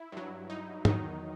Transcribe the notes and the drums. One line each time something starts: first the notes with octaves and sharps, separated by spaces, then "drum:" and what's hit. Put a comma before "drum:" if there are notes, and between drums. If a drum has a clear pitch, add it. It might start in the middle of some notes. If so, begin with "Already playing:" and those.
Already playing: E4
G2 F#3
D#4
E2 D#3 F#3 D#4, drum: tom